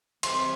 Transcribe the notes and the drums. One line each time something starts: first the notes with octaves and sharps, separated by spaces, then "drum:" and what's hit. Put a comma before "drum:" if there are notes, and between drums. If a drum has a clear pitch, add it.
C3 E3 G3 C4 C6, drum: cymbal